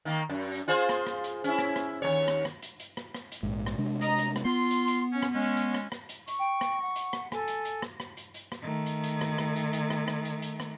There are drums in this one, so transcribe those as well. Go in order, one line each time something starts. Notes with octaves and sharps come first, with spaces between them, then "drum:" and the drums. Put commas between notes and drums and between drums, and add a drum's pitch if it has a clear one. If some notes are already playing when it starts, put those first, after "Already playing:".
D#3 A#3
F#2
drum: hi-hat
F4 G#4 C5
drum: rim click
drum: rim click
drum: hi-hat
C#4 E4, drum: hi-hat
drum: rim click
drum: rim click
D#2 G#3 C#5
drum: rim click
drum: rim click
drum: hi-hat
drum: hi-hat
drum: rim click
drum: rim click
drum: hi-hat
A#1 G#2
drum: rim click
C3 G#3 D4
D#5 A#5, drum: hi-hat
drum: hi-hat
drum: rim click
B3 F4 C6
drum: hi-hat
drum: hi-hat
C#4
drum: rim click
G#3 C#4
drum: hi-hat
drum: rim click
drum: rim click
drum: hi-hat
C#6, drum: hi-hat
G5
drum: rim click
F#5
drum: hi-hat
drum: rim click
A4 G#5, drum: rim click
drum: hi-hat
drum: hi-hat
drum: rim click
drum: rim click
drum: hi-hat
drum: hi-hat
drum: rim click
D#3 A3
drum: hi-hat
drum: hi-hat
drum: rim click
drum: rim click
drum: hi-hat
drum: hi-hat
drum: rim click
drum: rim click
drum: hi-hat
drum: hi-hat
drum: rim click